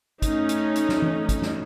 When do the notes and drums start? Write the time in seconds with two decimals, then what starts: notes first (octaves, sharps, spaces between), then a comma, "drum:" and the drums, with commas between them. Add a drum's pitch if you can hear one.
0.22 A3 C#4 D#4, drum: kick, hi-hat
0.49 drum: hi-hat
0.76 drum: hi-hat
0.89 drum: snare
1.02 drum: tom E3
1.29 drum: kick, hi-hat
1.42 drum: snare